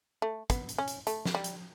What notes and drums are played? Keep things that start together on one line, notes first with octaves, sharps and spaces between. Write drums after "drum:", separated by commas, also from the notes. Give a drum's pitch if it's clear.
A3
B3, drum: kick, hi-hat
drum: hi-hat
C#4
drum: hi-hat
A3, drum: hi-hat
drum: snare
G3
drum: hi-hat